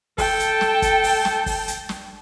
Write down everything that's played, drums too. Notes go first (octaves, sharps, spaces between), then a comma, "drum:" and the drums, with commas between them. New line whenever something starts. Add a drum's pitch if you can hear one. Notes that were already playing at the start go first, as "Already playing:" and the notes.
A4 G5 A5, drum: kick, open hi-hat
drum: hi-hat
drum: snare
drum: kick, hi-hat
drum: open hi-hat
drum: snare
drum: kick, open hi-hat
drum: hi-hat
drum: snare